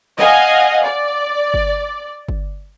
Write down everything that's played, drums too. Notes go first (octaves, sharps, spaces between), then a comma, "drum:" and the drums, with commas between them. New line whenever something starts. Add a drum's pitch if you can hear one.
D#5 F5 F#5 G#5, drum: snare
D5
drum: kick G1
drum: kick G1